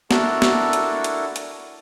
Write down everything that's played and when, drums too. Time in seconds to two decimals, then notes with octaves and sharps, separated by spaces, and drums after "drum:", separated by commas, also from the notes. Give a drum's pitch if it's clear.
0.11 D4 E4 F#4 A4 A#4, drum: snare
0.42 drum: snare
0.73 drum: hi-hat
1.04 drum: hi-hat
1.36 drum: hi-hat